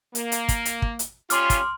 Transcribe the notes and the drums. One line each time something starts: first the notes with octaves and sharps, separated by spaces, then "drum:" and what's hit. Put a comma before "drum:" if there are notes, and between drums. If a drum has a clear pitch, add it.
A#3, drum: hi-hat
drum: hi-hat
drum: kick, hi-hat
drum: hi-hat
drum: kick
drum: hi-hat
G3 C#4 F4 C6 D6 F6, drum: hi-hat
drum: kick, hi-hat